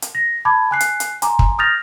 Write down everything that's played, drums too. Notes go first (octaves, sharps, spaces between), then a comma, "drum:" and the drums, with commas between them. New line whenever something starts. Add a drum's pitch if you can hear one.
drum: hi-hat
A#6
A5 B5 D6 G#6
G#5 F#6 C7
drum: hi-hat
drum: hi-hat
G#5 A#5 C6 D6, drum: hi-hat
drum: kick
D#6 F6 G6 A6 A#6 F7